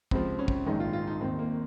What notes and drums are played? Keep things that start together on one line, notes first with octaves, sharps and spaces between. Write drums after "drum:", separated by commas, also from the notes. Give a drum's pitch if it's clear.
C#2 C3 F3 C4, drum: kick
C#4
drum: kick
A#1 G#2 D#3 D#4
F4
F4
D#4
D#2 D#3 C4
A#3